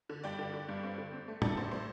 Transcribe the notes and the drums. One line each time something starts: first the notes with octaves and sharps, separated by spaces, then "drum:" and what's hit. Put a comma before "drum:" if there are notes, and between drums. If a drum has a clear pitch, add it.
D3
G2 D5 G5
D3
D3
G2
C4
D3
C4
A3
A2 A4 D5, drum: tom
A2 C5
A2 C5